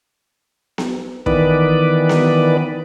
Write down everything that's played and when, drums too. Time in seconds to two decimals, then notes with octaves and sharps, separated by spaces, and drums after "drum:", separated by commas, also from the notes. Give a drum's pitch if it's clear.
0.78 drum: snare B3
1.26 D#3 E3 B3 B4 D5, drum: kick
2.09 drum: snare B3